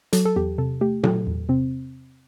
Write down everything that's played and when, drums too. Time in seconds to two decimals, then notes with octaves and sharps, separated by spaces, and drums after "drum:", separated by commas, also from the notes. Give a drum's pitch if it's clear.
0.13 F#3 A4, drum: hi-hat
0.25 A4
0.36 E2 G4
0.58 C3 A4
0.81 A3 G4
1.03 F#3 A4, drum: tom A#2
1.27 E2
1.49 C3 C4